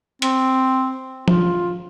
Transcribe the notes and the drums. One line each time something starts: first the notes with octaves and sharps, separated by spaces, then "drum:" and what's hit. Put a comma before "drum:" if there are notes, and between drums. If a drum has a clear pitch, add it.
C4, drum: hi-hat
F4, drum: tom F3